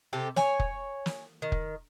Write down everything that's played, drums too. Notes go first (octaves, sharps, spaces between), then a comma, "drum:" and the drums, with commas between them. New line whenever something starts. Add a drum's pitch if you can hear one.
C3 G4 A4
C#5 G#5, drum: snare
drum: kick
drum: snare
D#3
drum: kick